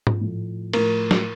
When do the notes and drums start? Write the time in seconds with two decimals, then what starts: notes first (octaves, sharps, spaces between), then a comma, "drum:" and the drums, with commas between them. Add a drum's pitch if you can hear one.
0.07 drum: tom G#2
0.21 A2 F3 A3
0.73 A2 F3 A3 A#4, drum: cymbal
1.11 drum: snare